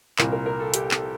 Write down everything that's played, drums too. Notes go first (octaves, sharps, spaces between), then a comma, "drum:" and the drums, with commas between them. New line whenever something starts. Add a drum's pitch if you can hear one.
C2 A#2 A#4, drum: clap
A#4
A#4
A4
G4, drum: hi-hat
A4, drum: clap